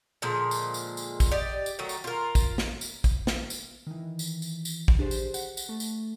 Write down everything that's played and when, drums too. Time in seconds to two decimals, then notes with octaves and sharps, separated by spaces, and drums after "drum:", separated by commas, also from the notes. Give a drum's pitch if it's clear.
0.22 A#2 D3 F3 G#3
0.51 drum: tambourine
0.74 drum: tambourine
0.97 drum: tambourine
1.20 drum: kick, tambourine
1.31 G4 D5 D#5
1.66 drum: tambourine
1.79 D#3 F#3 A3
1.89 drum: tambourine
2.04 F4 A#4
2.35 drum: kick, tambourine
2.58 drum: snare
2.81 drum: tambourine
3.04 drum: kick, tambourine
3.27 drum: snare
3.50 drum: tambourine
3.87 D#3 E3
4.19 drum: tambourine
4.42 drum: tambourine
4.65 drum: tambourine
4.88 drum: kick
4.99 D4 G4 G#4 C5
5.11 drum: tambourine
5.34 F#5, drum: tambourine
5.57 drum: tambourine
5.69 A3
5.80 drum: tambourine